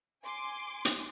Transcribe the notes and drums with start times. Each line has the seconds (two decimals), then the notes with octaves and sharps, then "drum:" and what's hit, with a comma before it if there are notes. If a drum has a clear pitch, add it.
0.23 G#5 C6 D6
0.85 drum: hi-hat